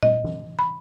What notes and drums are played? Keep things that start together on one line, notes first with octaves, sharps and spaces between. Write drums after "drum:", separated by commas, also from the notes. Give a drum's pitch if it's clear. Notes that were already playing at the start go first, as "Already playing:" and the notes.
D#5, drum: tom
drum: tom E3
B5